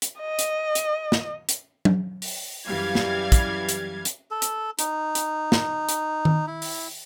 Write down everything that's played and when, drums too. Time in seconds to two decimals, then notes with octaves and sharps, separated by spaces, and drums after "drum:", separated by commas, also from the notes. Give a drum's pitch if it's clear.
0.02 drum: hi-hat
0.20 D#5
0.39 drum: hi-hat
0.75 drum: hi-hat
1.12 drum: snare
1.49 drum: hi-hat
1.85 drum: tom F#3
2.22 drum: open hi-hat
2.67 F#2 E3 G3 F5 G#6
2.95 drum: snare
3.32 drum: kick, hi-hat
3.69 drum: hi-hat
4.05 drum: hi-hat
4.31 A4
4.42 drum: hi-hat
4.79 D#4, drum: hi-hat
5.15 drum: hi-hat
5.52 drum: snare
5.89 drum: hi-hat
6.25 drum: tom D#3
6.47 E4
6.62 drum: open hi-hat